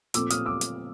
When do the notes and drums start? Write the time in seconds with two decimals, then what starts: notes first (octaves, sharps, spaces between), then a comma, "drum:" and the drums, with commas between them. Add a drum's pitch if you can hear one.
0.14 A#2 F3 A3 C4 D6 E6, drum: hi-hat
0.30 D#6 F6, drum: hi-hat
0.46 D6 E6
0.61 drum: hi-hat